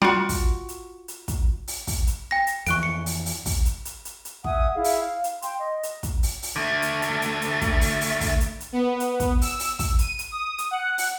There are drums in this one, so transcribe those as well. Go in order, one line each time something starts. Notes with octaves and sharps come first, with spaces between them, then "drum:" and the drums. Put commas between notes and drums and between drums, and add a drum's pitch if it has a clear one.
G3 F4 F#4
drum: kick, open hi-hat
drum: hi-hat
drum: hi-hat
drum: kick, hi-hat
drum: open hi-hat
drum: kick, open hi-hat
drum: hi-hat
G5 A#6
drum: hi-hat
F2 E3 C#6 F#6 D7, drum: hi-hat
C#7
drum: open hi-hat
drum: open hi-hat
drum: kick, open hi-hat
drum: hi-hat
drum: hi-hat
drum: hi-hat
drum: hi-hat
E5 F#5 G#5 D#6, drum: kick
E4 G#4 F5
drum: open hi-hat
F5
drum: hi-hat
G5 C6, drum: hi-hat
D#5
drum: hi-hat
drum: kick, hi-hat
drum: open hi-hat
drum: open hi-hat
D3 A3
drum: hi-hat
drum: hi-hat
drum: hi-hat
drum: hi-hat
drum: kick, hi-hat
drum: open hi-hat
drum: open hi-hat
drum: kick, open hi-hat
drum: hi-hat
drum: hi-hat
B3
drum: hi-hat
drum: kick, hi-hat
E6, drum: open hi-hat
drum: open hi-hat
drum: kick, open hi-hat
D#7, drum: hi-hat
drum: hi-hat
D#6
drum: hi-hat
F#5
drum: open hi-hat